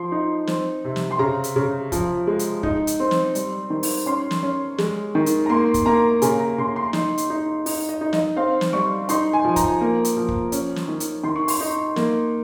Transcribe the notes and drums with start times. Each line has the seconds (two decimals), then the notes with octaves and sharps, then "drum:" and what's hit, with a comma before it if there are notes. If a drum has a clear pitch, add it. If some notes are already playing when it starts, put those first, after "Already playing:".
Already playing: F3 C6
0.12 D#4
0.47 C4, drum: snare
0.84 C3
0.96 drum: snare
1.11 C6
1.19 C#3 A#5
1.44 drum: hi-hat
1.56 C#3
1.92 F3, drum: kick, hi-hat
2.27 G#3
2.39 drum: hi-hat
2.63 D#4, drum: kick
2.87 drum: hi-hat
3.00 C4
3.11 drum: snare
3.35 G3, drum: hi-hat
3.70 D#3
3.83 drum: open hi-hat
4.06 C#4 C6
4.31 drum: snare
4.43 C#4
4.78 G#3, drum: snare
5.15 D#3
5.26 drum: hi-hat
5.46 A#5
5.50 A#3 C6
5.74 drum: kick, hi-hat
5.86 A#3 A#5
6.22 C#3 G#5, drum: hi-hat
6.40 A#5
6.58 C#3 C6
6.76 C6
6.93 D#4, drum: snare
7.18 drum: hi-hat
7.30 D#4
7.66 D#4, drum: open hi-hat
7.89 D#5
8.01 D#4
8.13 D#5, drum: snare
8.37 C4 F5
8.61 drum: snare
8.73 G3 C#6
9.09 D#4 C6, drum: hi-hat
9.33 G#5
9.45 F3
9.56 A#5, drum: kick, hi-hat
9.81 A#3
10.05 drum: hi-hat
10.17 F3
10.28 drum: kick
10.52 C#4, drum: hi-hat
10.76 drum: snare
10.88 D#3
11.00 drum: hi-hat
11.24 D#3 C6
11.36 C#6
11.48 C6, drum: open hi-hat
11.61 D#4
11.96 A#3, drum: snare